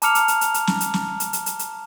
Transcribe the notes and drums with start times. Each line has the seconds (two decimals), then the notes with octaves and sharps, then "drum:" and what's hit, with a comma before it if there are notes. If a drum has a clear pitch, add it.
0.02 A5 A#5 D6 F6 C#7 F7, drum: hi-hat
0.15 drum: hi-hat
0.28 drum: hi-hat
0.41 drum: hi-hat
0.54 drum: hi-hat
0.67 drum: snare
0.81 drum: hi-hat
0.94 drum: snare
1.20 drum: hi-hat
1.33 drum: hi-hat
1.46 drum: hi-hat
1.59 drum: hi-hat